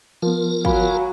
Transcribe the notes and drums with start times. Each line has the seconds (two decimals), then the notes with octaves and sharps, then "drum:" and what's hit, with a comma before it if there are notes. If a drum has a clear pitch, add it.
0.22 F3 B3 F4 A#4
0.65 F#3 F5 G#5 B5, drum: kick